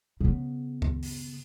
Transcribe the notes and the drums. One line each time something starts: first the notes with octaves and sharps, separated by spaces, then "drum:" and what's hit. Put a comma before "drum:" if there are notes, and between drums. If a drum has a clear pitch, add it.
C#3 B3
drum: kick C#2
drum: open hi-hat